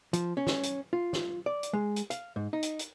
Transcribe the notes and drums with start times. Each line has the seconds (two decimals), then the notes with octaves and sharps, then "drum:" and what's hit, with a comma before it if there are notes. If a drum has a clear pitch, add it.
0.13 F3, drum: hi-hat
0.37 C#4
0.47 drum: snare
0.63 drum: hi-hat
0.93 F4
1.13 drum: snare
1.46 D5
1.63 drum: hi-hat
1.73 G#3
1.96 drum: hi-hat
2.10 F5, drum: hi-hat
2.36 G#2
2.53 D#4
2.63 drum: hi-hat
2.79 drum: hi-hat